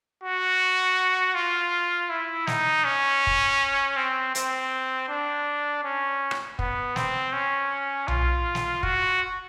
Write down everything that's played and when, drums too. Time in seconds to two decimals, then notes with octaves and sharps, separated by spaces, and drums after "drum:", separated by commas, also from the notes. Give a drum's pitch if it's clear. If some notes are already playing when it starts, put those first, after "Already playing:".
0.23 F#4
1.35 F4
2.10 E4
2.47 D#4, drum: snare
2.85 C#4
3.27 drum: kick
3.97 C4
4.35 C4, drum: hi-hat
5.09 D4
5.84 C#4
6.31 drum: rim click
6.59 B3, drum: kick
6.96 C4, drum: snare
7.33 C#4
8.08 F4, drum: tom B1
8.55 drum: snare
8.83 F#4, drum: kick